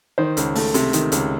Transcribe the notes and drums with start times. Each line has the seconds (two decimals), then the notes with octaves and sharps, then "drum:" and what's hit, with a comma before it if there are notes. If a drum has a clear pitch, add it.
0.18 D#3 C5
0.37 C#2, drum: hi-hat
0.55 A3, drum: open hi-hat
0.74 C3, drum: hi-hat
0.93 D#3, drum: hi-hat
1.12 C#2, drum: hi-hat